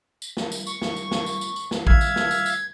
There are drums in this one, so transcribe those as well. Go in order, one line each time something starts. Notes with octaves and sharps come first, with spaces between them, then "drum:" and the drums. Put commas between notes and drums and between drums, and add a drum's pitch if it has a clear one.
drum: tambourine
drum: snare
drum: tambourine
C#6, drum: tambourine
drum: snare
drum: tambourine
drum: snare
drum: tambourine
drum: tambourine
drum: tambourine
drum: snare
E5 F5 G#6, drum: kick A1
drum: tambourine
drum: snare
drum: tambourine
drum: tambourine